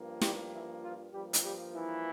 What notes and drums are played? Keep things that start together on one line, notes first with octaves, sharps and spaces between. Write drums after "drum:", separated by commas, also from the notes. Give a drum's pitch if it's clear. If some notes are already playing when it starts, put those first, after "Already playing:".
Already playing: G2 F3 A#3
G3 G4, drum: snare
E3 E4
F3 F4
G2 F3 G3 A#3 G4
drum: hi-hat
G3 G4
E3 E4